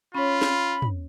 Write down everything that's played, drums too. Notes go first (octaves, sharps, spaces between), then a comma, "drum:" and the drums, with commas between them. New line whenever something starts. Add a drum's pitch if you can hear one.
C#4 F4 C#5 B5
drum: snare
drum: tom